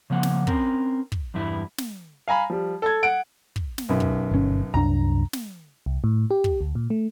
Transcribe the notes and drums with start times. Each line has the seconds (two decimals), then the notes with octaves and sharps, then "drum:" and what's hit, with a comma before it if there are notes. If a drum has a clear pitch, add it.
0.10 C#3 F3 A#3 F#5
0.23 drum: snare
0.47 C4 C#4 A#4, drum: kick
1.12 drum: kick
1.34 E2 G2 G3 E4
1.78 drum: snare
2.28 F5 G#5 A#5 B5
2.50 F3 G3
2.82 A4 G#6
3.03 F#5 D7
3.56 drum: kick
3.78 drum: snare
3.89 B1 F#2
4.00 drum: kick
4.31 G1 A#2 C#4
4.74 C2 F#2 D4 A#5
5.33 drum: snare
5.86 C2
6.04 A2
6.31 G4
6.44 drum: kick
6.61 D2
6.75 A#2
6.90 A3